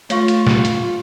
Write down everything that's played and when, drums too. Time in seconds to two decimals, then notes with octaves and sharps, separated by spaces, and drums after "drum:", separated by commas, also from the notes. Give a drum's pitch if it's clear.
0.10 A3 F4 C#5 F5 C#6, drum: hi-hat
0.28 drum: hi-hat
0.47 drum: snare
0.65 drum: hi-hat